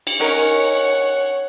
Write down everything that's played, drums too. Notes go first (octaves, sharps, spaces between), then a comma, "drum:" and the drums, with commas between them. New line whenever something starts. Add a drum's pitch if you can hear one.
drum: cymbal
C#4 D#4 A#4 C#5 F#5